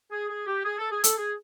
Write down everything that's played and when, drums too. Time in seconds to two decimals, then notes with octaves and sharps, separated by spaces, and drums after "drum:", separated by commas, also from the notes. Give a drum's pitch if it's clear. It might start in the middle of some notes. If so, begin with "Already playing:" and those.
0.11 G#4
0.29 G#4
0.47 G4
0.64 G#4
0.78 A4
0.91 G#4
1.04 A4, drum: hi-hat
1.18 G#4